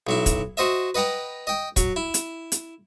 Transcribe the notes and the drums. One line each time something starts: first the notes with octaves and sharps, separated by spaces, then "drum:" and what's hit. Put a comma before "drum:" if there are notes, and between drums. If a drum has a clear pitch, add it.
B1 F#3 E4
drum: kick, hi-hat
F#4 C5 D#5 E5
B4 D#5 F#5 G5 A#5
D#5 G5
F#3, drum: kick, hi-hat
E4
drum: hi-hat
drum: hi-hat